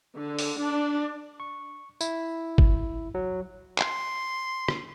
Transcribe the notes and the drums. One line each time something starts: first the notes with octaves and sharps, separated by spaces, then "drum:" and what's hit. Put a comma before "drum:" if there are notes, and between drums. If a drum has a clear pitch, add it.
D3
drum: open hi-hat
D4
C#6
E4, drum: tambourine
drum: kick G1
F#3
C6, drum: clap
drum: rim click